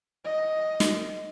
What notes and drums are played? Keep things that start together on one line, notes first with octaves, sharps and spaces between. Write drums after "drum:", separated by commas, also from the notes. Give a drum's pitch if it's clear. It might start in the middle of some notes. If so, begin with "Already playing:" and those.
D#5
drum: snare